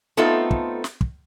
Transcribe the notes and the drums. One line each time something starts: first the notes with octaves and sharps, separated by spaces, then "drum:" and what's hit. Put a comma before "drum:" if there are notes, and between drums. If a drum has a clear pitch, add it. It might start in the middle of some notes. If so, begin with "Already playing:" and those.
A3 B3 C4 D#4 F4 A4
drum: kick
drum: snare
drum: kick